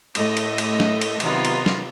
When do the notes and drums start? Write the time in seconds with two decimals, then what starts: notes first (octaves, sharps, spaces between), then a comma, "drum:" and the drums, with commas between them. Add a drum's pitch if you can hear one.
0.15 A2 A3 D#5, drum: cymbal
0.37 drum: cymbal
0.58 drum: cymbal
0.80 drum: snare
1.01 drum: cymbal
1.20 C3 D#3 F#3 B3 D#4 F4, drum: cymbal
1.45 drum: cymbal
1.66 drum: snare